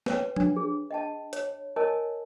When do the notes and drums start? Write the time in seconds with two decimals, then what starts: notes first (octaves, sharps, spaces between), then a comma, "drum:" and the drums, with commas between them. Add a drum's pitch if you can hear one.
0.06 B4 C#5 G5, drum: snare
0.36 D4, drum: tom F3
0.56 G#4
0.91 D#5 G5 A5
1.33 C#5, drum: hi-hat
1.76 A#4 C#5 D#5 G#5 A5